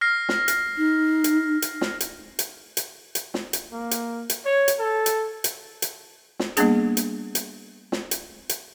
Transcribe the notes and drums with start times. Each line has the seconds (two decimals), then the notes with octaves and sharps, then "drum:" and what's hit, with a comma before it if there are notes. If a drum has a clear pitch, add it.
0.01 F6 A#6 C7
0.29 drum: snare
0.48 drum: hi-hat
0.77 D#4
1.24 drum: hi-hat
1.62 drum: hi-hat
1.81 drum: snare
2.00 drum: hi-hat
2.39 drum: hi-hat
2.77 drum: hi-hat
3.15 drum: hi-hat
3.34 drum: snare
3.53 drum: hi-hat
3.72 A#3
3.91 drum: hi-hat
4.30 drum: hi-hat
4.45 C#5
4.68 drum: hi-hat
4.79 A4
5.06 drum: hi-hat
5.44 drum: hi-hat
5.82 drum: hi-hat
6.39 drum: snare
6.57 G3 A#3 B3 D4 G#4, drum: hi-hat
6.97 drum: hi-hat
7.35 drum: hi-hat
7.92 drum: snare
8.11 drum: hi-hat
8.49 drum: hi-hat